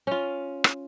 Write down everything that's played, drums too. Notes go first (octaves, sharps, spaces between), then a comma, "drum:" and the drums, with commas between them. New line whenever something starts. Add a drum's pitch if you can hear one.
C#4 F4
drum: rim click